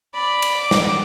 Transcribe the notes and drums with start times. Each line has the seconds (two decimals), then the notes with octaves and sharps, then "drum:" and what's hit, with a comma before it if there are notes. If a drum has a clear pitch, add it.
0.13 D5 B5
0.42 drum: cymbal
0.60 D6
0.71 drum: snare